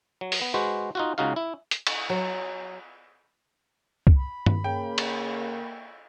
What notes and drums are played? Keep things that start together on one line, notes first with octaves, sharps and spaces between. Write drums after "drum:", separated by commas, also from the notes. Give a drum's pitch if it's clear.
F#3
drum: open hi-hat
B3
G#3 F#4 B4 C5
D#4 F4 F#4
C#2 C#3 D#4 F#4 F5
E4
drum: hi-hat
drum: cymbal
F#3
drum: kick C2
B5
drum: tom G2
C#3 A#3 G5
drum: cymbal